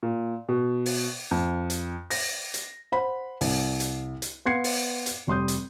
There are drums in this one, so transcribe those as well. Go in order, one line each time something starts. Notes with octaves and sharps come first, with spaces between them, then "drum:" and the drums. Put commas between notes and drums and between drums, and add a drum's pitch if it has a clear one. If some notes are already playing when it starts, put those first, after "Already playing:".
A#2
B2
drum: open hi-hat
F2
drum: hi-hat
A#6, drum: open hi-hat
drum: hi-hat
C5 F#5 B5
C2, drum: open hi-hat
drum: hi-hat
drum: hi-hat
B3 F5 C6 G#6 C7 C#7
drum: open hi-hat
drum: hi-hat
F1 G3 C6 D#6 G6
drum: hi-hat